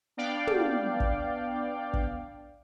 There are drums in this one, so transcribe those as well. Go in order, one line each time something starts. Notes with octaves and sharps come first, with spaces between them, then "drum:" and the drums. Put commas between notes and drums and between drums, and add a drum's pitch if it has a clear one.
B3 D4 D5 F5 G5
drum: tom
drum: kick
drum: kick